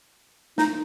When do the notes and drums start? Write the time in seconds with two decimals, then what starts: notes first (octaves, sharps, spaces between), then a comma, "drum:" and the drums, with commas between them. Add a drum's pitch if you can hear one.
0.58 D#4, drum: snare